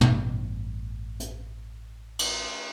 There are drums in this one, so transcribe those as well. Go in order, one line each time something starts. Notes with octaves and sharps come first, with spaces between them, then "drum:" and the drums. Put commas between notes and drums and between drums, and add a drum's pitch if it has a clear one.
A1 G2 B3, drum: tom
drum: hi-hat
drum: cymbal